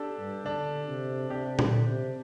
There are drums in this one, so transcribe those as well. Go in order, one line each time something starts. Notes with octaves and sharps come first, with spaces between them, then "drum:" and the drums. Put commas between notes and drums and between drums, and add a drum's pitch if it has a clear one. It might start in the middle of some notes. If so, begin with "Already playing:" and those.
Already playing: D4 G4 A4
G2
D3 D4
C3
C3 D4 G4
D3, drum: tom A#2
C3